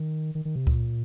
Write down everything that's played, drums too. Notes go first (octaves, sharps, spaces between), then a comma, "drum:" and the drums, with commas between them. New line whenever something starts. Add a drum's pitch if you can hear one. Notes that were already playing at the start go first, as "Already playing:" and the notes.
Already playing: D#3
D#3
D#3
C3
A#2, drum: kick C#2